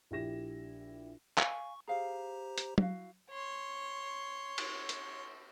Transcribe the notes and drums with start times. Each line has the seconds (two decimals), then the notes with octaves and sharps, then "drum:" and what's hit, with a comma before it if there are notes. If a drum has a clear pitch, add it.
0.11 A#1 E4 G4 A#6 E7
1.38 F5 G#5 C#6, drum: clap
1.88 G4 G#4 C5 F5 A#5
2.58 drum: hi-hat
2.78 E4 F#4 F5, drum: tom F#3
3.31 C#5 C6
4.58 drum: cymbal
4.89 drum: hi-hat